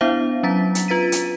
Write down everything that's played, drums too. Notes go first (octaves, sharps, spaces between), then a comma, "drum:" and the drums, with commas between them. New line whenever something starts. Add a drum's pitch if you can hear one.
B3 D4 E4 C5 E5 F5
F#3 C#4 A#5 A6 B6
drum: hi-hat
F4 B4 A6 B6 D#7
drum: hi-hat